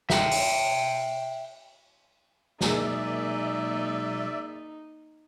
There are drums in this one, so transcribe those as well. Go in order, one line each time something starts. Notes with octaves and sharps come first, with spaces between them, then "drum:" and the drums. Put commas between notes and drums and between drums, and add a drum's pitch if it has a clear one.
E5 G5, drum: snare
drum: open hi-hat
B2 F#3 G#3 A#3 D#4 G#4 D5 E5, drum: snare